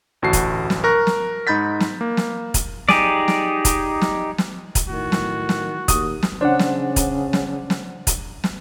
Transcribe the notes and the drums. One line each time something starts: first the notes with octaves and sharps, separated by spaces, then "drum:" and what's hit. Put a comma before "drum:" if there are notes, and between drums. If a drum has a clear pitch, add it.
A1 D2 F#4 A5 C7
drum: kick, hi-hat
drum: snare
A#4 A#5 C#6 F#6 A#6
drum: snare
G#2 D#4 B5 G6 A6 B6
drum: snare
A#3
drum: snare
drum: kick, hi-hat
D#4 G4 G#4 D5, drum: snare
drum: snare
drum: kick, hi-hat
drum: snare
drum: snare
drum: kick, hi-hat
A2 D#3 F#4
drum: snare
drum: snare
D#2 D#6, drum: kick, hi-hat
drum: snare
C#3 D4 C5 C#5 F#5
drum: snare
drum: kick, hi-hat
drum: snare
drum: snare
drum: kick, hi-hat
drum: snare